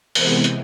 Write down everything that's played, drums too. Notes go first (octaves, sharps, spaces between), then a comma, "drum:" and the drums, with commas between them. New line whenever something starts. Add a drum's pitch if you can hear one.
C3 E3 G#3 B3 A#4 C5, drum: open hi-hat
drum: hi-hat